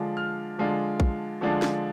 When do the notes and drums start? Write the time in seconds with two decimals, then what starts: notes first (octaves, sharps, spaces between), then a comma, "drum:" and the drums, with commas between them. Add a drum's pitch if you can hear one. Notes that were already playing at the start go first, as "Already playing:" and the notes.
Already playing: D3 F3 G#3 D4 F4
0.17 F6
0.58 D3 F3 G#3 D4 F4
1.00 drum: kick A#1
1.41 D3 F3 G#3 D4 F4
1.62 drum: snare